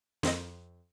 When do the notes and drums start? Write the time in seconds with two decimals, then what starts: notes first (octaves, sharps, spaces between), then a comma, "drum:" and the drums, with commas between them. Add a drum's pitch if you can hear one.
0.23 F2 C4 D#5, drum: snare